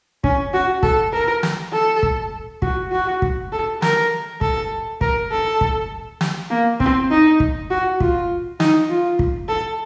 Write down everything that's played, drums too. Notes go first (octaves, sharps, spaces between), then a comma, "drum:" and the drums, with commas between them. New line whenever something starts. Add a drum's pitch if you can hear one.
C#4, drum: kick
F#4
A4, drum: kick
A#4
drum: snare
A4
drum: kick
F#4, drum: kick
F#4
drum: kick
A4
A#4, drum: snare
A4, drum: kick
A#4, drum: kick
A4
drum: kick
drum: snare
A#3
C4, drum: kick
D#4
drum: kick
F#4
F4, drum: kick
D#4, drum: snare
F4
drum: kick
A4